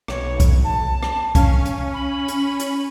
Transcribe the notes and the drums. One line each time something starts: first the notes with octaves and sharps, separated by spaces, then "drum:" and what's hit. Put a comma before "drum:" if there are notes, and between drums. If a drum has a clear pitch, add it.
B1 C#5, drum: rim click
drum: kick C2, hi-hat
A5
drum: rim click
C#4 F5, drum: kick C2, hi-hat
drum: hi-hat
B5
drum: hi-hat
drum: hi-hat